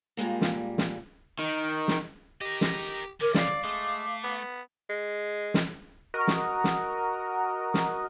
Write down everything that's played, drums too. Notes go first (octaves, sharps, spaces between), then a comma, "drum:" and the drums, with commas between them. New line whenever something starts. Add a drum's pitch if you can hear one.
A#2 G3 G#3 A#3
drum: snare
drum: snare
D#3
drum: snare
G4 A#4 D#5
drum: snare
D3 C#4 A#4 D6
D5 F5, drum: snare
G#3 A3
B3
G#3
drum: snare
F#4 A#4 D#5
drum: snare
drum: snare
drum: snare